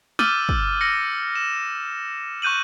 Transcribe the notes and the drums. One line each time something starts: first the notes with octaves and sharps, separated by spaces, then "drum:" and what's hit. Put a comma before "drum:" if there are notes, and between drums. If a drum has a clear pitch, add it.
D6 E6 F6 G6 A6 D#7, drum: snare
drum: kick
E6 A#6 C#7
E7
C#6 F#6 G6 D#7 F#7